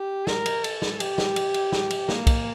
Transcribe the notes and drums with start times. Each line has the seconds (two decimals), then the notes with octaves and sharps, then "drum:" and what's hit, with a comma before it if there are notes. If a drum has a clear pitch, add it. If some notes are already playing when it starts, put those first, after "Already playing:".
Already playing: G4
0.27 A#4, drum: snare
0.46 drum: cymbal
0.64 A4, drum: cymbal
0.82 drum: snare
1.00 G4, drum: cymbal
1.18 drum: snare
1.36 drum: cymbal
1.54 drum: cymbal
1.72 drum: snare
1.90 drum: cymbal
2.09 A#3, drum: snare
2.27 drum: kick, cymbal